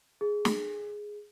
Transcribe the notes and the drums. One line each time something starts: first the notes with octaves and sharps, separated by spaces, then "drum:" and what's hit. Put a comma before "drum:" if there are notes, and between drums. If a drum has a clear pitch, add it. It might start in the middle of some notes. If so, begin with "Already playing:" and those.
G#4
drum: snare